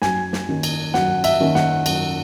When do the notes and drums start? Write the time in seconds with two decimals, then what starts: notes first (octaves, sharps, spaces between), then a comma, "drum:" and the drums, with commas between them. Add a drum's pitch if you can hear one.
0.02 F#2 G#5, drum: snare
0.33 drum: snare
0.49 D#3 A#3 C#4
0.63 drum: cymbal
0.94 F#2 F#5, drum: snare
1.24 E5, drum: cymbal
1.40 D#3 A#3 C#4
1.55 F#5, drum: snare
1.86 F#2, drum: cymbal